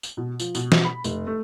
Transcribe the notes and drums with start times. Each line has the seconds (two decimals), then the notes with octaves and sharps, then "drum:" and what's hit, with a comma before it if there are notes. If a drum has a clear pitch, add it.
0.03 drum: tambourine
0.17 B2
0.40 F3, drum: tambourine
0.55 B2, drum: tambourine
0.72 drum: snare
0.85 B5
1.04 F1, drum: tambourine
1.27 A3